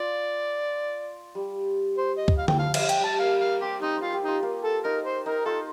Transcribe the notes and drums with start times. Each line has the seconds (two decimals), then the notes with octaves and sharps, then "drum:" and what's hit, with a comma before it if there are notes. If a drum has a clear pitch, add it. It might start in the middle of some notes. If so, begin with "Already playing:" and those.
Already playing: F4 D5
1.35 G3
1.98 C5
2.17 D#5
2.28 drum: kick
2.38 F5
2.48 G5, drum: tom D3
2.58 F3 F5
2.74 G3 F5, drum: cymbal
2.89 G5, drum: hi-hat
3.00 G3 A5
3.20 A#3 F5
3.40 A#3 F5
3.61 C4 G4
3.82 C4 D#4
3.96 C4
4.02 F4
4.13 G4
4.23 D#4 F4
4.43 A#3
4.64 A4
4.84 D#4 A#4
5.05 C5
5.26 D#4 A#4
5.45 F4 A4